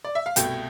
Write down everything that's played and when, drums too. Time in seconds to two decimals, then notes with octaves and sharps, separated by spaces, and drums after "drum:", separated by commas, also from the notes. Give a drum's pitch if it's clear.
0.04 D5
0.15 E5
0.26 F5
0.36 C2 B2 A3 G5, drum: hi-hat